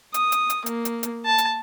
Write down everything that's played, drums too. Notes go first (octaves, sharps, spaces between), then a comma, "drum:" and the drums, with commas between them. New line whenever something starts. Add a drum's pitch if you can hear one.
D#6, drum: hi-hat
drum: hi-hat
drum: hi-hat
A#3, drum: hi-hat
drum: hi-hat
drum: hi-hat
A5
drum: hi-hat